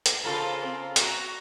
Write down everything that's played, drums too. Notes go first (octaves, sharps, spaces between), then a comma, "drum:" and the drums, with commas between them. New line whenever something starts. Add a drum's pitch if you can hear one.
drum: hi-hat
C#3 F4 A4 A#4 C5
C4
F#4 A#5, drum: hi-hat